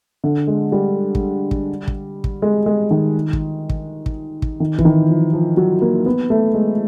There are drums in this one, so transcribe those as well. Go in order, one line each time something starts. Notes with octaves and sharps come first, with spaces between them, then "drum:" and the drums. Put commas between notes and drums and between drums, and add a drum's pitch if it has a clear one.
D3
G#3
G3
drum: kick
drum: kick
drum: kick
drum: kick
G#3
G#3
D#3
drum: kick
drum: kick
drum: kick
drum: kick
D#3
E3, drum: kick
D#3
F3
F3
F#3
A#3
B3
A3
G#3